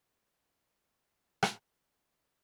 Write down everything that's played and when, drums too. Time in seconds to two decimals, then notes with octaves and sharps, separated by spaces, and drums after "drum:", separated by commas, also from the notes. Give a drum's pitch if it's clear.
0.13 G#4 F#5
1.43 drum: rim click